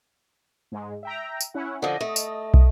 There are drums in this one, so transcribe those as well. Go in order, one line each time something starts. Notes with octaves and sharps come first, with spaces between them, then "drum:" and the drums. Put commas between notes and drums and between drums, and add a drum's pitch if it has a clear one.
G#2 G#3
E5 G5 A#5
drum: tambourine
C#4 E4 F#5
D3 F3 D#5
A3
drum: tambourine
drum: kick